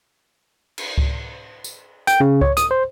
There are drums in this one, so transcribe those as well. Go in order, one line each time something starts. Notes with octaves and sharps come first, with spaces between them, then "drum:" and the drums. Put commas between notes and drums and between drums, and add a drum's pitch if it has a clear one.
drum: cymbal
drum: kick C#2
drum: tambourine
G5, drum: hi-hat
C#3
C#5, drum: kick C#2
D#6, drum: hi-hat
C5